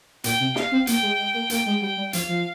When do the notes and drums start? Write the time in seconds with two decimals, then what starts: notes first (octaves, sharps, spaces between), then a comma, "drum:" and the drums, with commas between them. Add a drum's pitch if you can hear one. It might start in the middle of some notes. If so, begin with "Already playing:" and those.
0.24 A#2 G5, drum: hi-hat
0.40 C3
0.56 F5, drum: snare
0.72 C4
0.87 A#3 G5, drum: hi-hat
1.02 G#3
1.19 G#3
1.34 A#3
1.50 A#3 G5, drum: hi-hat
1.66 G#3
1.81 G3 G5
1.97 G3
2.13 F3 F5, drum: hi-hat
2.29 F3